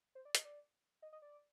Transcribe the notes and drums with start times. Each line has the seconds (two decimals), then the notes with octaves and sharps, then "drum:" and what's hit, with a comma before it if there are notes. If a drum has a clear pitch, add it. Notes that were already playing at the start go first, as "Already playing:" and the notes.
0.15 C5
0.25 D5
0.35 D#5, drum: hi-hat
0.45 D5
1.02 D#5
1.12 D#5
1.22 D5